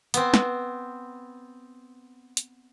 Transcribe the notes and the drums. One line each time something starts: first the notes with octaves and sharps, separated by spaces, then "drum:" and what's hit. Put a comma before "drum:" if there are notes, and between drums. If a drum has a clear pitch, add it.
B3 C4, drum: hi-hat
drum: snare
drum: hi-hat